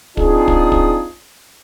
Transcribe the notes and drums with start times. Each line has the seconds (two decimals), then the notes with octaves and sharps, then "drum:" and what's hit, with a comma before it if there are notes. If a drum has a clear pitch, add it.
0.17 C4 D4 D#4 F4 G#4, drum: kick
0.48 drum: kick
0.72 drum: kick